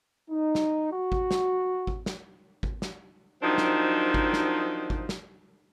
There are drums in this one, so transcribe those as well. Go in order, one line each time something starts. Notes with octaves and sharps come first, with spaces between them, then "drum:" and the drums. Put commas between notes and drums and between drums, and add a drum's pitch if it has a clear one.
D#4
drum: snare
F#4
drum: kick G#1
drum: snare
drum: kick G#1
drum: snare
drum: kick G#1
drum: snare
D#3 F3 F#3 C4 D4 D#4
drum: snare
drum: kick G#1
drum: snare
drum: kick G#1
drum: snare